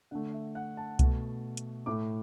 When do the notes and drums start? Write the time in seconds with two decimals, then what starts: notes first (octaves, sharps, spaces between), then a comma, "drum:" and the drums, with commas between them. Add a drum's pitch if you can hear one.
0.11 D3 A3 F#5
0.34 E5
0.55 F#5
0.77 A5
0.99 B2 A3, drum: kick C2, hi-hat
1.57 drum: hi-hat
1.86 A2 A3 D6